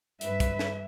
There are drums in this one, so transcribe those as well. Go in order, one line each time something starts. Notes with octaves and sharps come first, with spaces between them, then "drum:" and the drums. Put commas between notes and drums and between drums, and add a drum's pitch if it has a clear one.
G2 B4 E5, drum: hi-hat
drum: kick, hi-hat
drum: snare